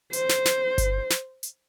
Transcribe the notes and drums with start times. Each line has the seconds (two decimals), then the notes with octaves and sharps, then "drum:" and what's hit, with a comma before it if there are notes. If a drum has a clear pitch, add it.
0.13 C5, drum: hi-hat
0.29 drum: snare
0.45 drum: snare
0.78 drum: kick G1, hi-hat
1.10 drum: snare
1.43 drum: hi-hat